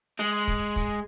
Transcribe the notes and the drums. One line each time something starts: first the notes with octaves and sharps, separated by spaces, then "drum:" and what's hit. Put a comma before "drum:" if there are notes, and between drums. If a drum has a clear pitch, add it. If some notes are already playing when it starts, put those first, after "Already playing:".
G#3, drum: hi-hat
drum: kick, hi-hat
drum: kick, open hi-hat